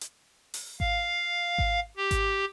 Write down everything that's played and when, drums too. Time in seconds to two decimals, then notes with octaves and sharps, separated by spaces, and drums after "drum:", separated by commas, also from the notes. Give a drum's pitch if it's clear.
0.01 drum: hi-hat
0.54 drum: open hi-hat
0.80 F5, drum: kick G#1
1.58 drum: kick G#1
1.97 G4
2.11 drum: kick G#1, hi-hat